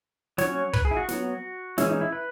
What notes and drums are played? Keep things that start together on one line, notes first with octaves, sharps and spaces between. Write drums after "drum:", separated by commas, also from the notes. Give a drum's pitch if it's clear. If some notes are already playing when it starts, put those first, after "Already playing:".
F#3 C#4 C#5, drum: snare
B4, drum: kick
G#4
E4
F#4
F#3 B3, drum: snare
E3 G#3 C#4 E4, drum: snare
D#4
E4
B4